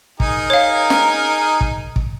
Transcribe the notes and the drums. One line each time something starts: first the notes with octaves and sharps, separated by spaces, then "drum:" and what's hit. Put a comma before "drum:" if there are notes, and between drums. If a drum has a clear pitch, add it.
D#4 G#4 A#4, drum: kick
C#5 F5
drum: snare
drum: kick
drum: kick